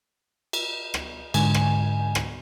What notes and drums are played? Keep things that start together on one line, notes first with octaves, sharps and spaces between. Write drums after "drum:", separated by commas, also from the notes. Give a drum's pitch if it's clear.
drum: cymbal
drum: rim click
G#2 D3 G#5, drum: cymbal
drum: rim click
drum: rim click